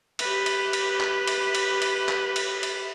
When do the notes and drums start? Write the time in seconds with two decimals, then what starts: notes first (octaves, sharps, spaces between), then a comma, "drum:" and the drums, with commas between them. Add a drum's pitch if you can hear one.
0.19 G4 B4, drum: cymbal
0.46 drum: cymbal
0.73 drum: cymbal
1.00 drum: clap
1.27 drum: cymbal
1.55 drum: cymbal
1.82 drum: cymbal
2.09 drum: clap
2.36 drum: cymbal
2.63 drum: cymbal